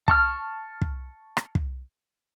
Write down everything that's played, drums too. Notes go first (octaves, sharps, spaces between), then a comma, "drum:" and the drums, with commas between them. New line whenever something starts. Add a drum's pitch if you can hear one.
A5 C#6 F6, drum: kick
drum: kick
drum: rim click
drum: kick